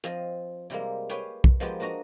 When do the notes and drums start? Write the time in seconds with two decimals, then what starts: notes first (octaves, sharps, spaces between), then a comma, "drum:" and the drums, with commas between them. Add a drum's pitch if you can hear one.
0.04 F3 C4 D#5 F5, drum: hi-hat
0.70 C3 G3 G#3 A#3
1.10 G4 B4 C#5 F5 G5 G#5, drum: hi-hat
1.44 drum: kick
1.60 F3 G#3 A#3 B3 F4 G4
1.80 A#3 D4 F#4 D#5 A#5